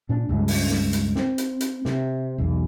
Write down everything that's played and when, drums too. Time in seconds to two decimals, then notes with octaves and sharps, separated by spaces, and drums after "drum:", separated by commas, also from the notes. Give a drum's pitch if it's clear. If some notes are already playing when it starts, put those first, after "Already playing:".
0.09 A#2 D4
0.29 C#2 G2
0.48 drum: open hi-hat
0.70 drum: snare
0.93 drum: hi-hat
1.15 C4, drum: snare
1.38 drum: hi-hat
1.61 drum: hi-hat
1.85 C3, drum: snare
2.38 B1 E2